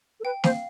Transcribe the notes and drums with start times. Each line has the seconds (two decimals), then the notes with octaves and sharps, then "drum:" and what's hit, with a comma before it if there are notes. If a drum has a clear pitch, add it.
0.20 A4
0.25 B4 G5
0.44 C5 F5, drum: snare